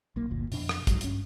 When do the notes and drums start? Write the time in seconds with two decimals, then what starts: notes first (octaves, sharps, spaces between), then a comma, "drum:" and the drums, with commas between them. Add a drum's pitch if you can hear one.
0.16 B1 A#3
0.30 G1 D2 A#2
0.52 F2 B2 D4, drum: open hi-hat
0.69 drum: rim click
0.87 A#1 G#2 C3 F#3, drum: kick, hi-hat
1.01 G2 C#4, drum: hi-hat